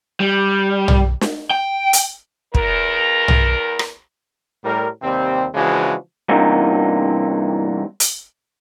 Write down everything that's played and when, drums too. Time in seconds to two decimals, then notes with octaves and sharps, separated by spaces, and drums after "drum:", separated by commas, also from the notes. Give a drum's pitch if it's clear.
0.20 G3
0.88 drum: tom
1.21 drum: snare
1.50 G5
1.93 drum: hi-hat
2.55 E2 A#4, drum: kick
3.28 drum: tom
3.79 drum: rim click
4.64 A2 G3 A#4
5.02 D#2 C3 G3 C4
5.55 C#3 E3 F3 G#3 D4 F#4
6.29 G2 C3 E3 A#3 B3 D#4
8.00 drum: hi-hat